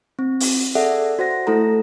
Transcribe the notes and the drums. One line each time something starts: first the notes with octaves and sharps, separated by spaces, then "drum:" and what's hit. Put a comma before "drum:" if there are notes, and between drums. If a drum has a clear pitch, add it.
C4
drum: open hi-hat
G#4 A4 D5 E5 F#5
F#4 C5 F#5 A#6
A3 E4 A4 A#5